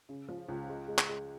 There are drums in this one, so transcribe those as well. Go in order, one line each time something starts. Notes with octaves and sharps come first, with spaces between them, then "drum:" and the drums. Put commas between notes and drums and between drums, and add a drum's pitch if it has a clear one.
C#3
F3
C#2
G#3
G#3
drum: clap
G#3